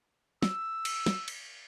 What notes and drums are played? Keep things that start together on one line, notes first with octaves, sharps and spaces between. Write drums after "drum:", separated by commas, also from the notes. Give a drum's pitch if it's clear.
E6, drum: snare
drum: cymbal
drum: snare
drum: cymbal